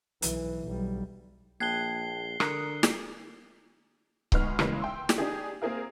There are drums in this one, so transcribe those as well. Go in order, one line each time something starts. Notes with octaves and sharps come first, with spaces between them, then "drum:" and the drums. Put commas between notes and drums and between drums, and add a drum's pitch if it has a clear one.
B1 E3, drum: hi-hat
B1 G3
A#1 A#3 G5 A5 F#6 G#6 C7 G7
D3 A#4 A#5 D#6 F#6 C#7, drum: rim click
drum: snare
D2 G#2 G#3 B3 C#6 F6, drum: kick C#1
C#3 E3 G3 G#3 A#3 B3, drum: rim click
G5 C6 E6
drum: snare
D4 D#4 G4 G#4
A#3 C4 G#4 A#4 F5